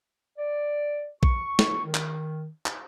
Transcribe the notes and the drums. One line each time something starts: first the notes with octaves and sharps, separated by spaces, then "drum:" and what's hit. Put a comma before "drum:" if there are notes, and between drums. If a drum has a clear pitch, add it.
D5
C#6, drum: kick A#1
drum: snare
D#3
drum: clap
drum: clap